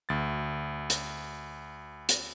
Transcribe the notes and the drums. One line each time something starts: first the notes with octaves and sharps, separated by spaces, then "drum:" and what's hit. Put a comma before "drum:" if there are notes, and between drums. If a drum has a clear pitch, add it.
D2 A6
drum: hi-hat
drum: hi-hat